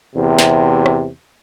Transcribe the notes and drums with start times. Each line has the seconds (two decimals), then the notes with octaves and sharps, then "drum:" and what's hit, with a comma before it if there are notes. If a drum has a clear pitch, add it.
0.15 E2 C3
0.39 drum: snare
0.86 drum: rim click